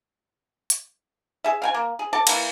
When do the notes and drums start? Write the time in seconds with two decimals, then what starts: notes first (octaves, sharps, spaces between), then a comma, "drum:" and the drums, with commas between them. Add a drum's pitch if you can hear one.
0.70 drum: hi-hat
1.44 G#4 E5
1.62 F5 G5 G#5
1.74 A#3
1.99 G#4
2.13 A4 D5 A5
2.27 E3 A#3, drum: cymbal